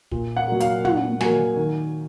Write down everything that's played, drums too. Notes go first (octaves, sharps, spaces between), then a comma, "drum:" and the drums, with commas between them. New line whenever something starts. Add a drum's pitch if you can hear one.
A#2, drum: kick
F#5
F#3 A#3
F5, drum: hi-hat
A#2 F#5, drum: tom
F#3 A#3 G#5, drum: snare
D#3